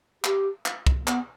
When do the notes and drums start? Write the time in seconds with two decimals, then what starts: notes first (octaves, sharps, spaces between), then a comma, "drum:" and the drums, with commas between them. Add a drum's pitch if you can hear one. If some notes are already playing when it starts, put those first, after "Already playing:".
0.24 G4, drum: clap
0.66 drum: clap
0.87 drum: kick
1.07 B3, drum: clap